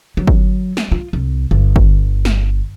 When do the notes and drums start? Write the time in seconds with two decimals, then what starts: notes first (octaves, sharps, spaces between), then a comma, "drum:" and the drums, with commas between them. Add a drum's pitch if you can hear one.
0.17 F#3
0.28 drum: kick G1
0.77 drum: snare
0.92 F4
1.13 C2
1.51 G1
1.76 drum: kick G1
2.25 drum: snare